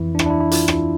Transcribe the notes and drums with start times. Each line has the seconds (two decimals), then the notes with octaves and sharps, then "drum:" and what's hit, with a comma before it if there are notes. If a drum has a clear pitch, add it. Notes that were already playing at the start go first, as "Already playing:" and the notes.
Already playing: F2 E3 E4
0.15 D4
0.19 E4, drum: rim click
0.26 D4
0.30 E4
0.40 E4
0.51 F4, drum: hi-hat
0.68 drum: rim click